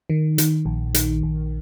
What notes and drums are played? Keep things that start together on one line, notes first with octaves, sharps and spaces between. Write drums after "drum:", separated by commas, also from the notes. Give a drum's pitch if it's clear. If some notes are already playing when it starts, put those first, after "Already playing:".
D#3
D#3, drum: hi-hat
A#1
D#3, drum: hi-hat
A#1